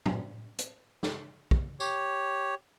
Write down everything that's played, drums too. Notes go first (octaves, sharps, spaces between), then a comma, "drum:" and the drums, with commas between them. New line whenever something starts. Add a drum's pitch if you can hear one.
drum: tom A2
drum: hi-hat
drum: snare
drum: kick
G4 C#5, drum: tambourine